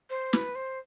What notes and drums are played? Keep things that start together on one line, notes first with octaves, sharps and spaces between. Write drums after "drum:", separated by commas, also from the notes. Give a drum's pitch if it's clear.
C5
B4, drum: snare
C5